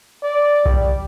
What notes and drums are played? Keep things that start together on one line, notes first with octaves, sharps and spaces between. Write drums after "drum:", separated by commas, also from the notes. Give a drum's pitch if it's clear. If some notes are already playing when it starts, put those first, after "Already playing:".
D5
G3, drum: kick B1